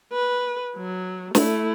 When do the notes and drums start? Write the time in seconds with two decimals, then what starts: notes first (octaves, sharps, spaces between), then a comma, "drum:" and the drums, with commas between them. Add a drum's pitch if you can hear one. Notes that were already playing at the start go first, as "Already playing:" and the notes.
0.13 B4
0.77 F#3
1.35 A3 E4, drum: snare